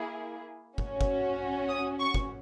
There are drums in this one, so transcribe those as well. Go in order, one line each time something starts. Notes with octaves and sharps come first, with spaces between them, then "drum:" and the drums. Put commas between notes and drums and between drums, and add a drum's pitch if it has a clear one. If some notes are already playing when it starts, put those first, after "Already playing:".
Already playing: A#3 E4 G#4
C#4 F#4, drum: kick
drum: kick
D#6
C#6
drum: kick